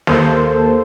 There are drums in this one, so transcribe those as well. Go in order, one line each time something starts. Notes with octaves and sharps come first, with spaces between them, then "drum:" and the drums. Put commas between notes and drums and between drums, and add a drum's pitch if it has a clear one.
D#2 A#3 A4 C5, drum: snare